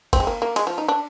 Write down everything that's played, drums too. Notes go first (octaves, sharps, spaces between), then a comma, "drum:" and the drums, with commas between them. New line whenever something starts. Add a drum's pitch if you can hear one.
C4, drum: kick G1, cymbal
G#3
A#3
A#3
G#3, drum: cymbal
F3
D#4
D4